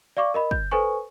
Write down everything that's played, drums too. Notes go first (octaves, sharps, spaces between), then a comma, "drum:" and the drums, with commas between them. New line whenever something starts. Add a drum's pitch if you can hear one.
D5 F5 C#6 D6
A#4 D#5 B5
G6, drum: kick
A4 B4 C5 G#5 C#6